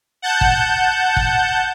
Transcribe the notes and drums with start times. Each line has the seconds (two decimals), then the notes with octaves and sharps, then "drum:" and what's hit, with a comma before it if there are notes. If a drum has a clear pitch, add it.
0.22 F#5 A5 G6
0.41 drum: kick
1.17 drum: kick